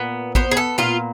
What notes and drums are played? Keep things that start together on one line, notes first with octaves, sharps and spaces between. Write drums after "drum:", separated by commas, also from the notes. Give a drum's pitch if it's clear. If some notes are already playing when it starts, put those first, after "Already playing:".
Already playing: A#2 B3
B3 C5, drum: kick A1
G#4
A4
A#2 F4